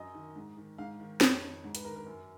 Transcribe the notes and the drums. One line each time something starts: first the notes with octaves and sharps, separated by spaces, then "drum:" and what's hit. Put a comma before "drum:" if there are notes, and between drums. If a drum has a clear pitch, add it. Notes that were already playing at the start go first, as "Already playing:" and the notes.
Already playing: F#2 D#5
D#3
G#2
D#3
G#2 F5
D#3
F2 C#5, drum: snare
D#3
G#2
B4, drum: hi-hat
D#3 A#4
A#4
F#2